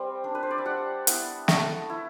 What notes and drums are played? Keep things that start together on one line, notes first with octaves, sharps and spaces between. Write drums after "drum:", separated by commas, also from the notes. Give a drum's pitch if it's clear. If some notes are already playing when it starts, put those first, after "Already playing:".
Already playing: G3 C4
D4
B4
C5
D5
E5
G3 F#5
B3 E4, drum: hi-hat
A3, drum: snare
E4